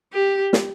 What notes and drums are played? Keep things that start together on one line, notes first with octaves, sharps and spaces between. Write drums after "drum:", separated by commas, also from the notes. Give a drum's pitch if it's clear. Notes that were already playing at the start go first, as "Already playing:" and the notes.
G4
drum: snare